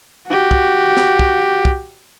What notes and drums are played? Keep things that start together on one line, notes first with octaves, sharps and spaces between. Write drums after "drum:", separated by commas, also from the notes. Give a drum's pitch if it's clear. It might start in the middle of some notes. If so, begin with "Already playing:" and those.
F#4 G4
drum: kick
drum: snare
drum: kick
drum: kick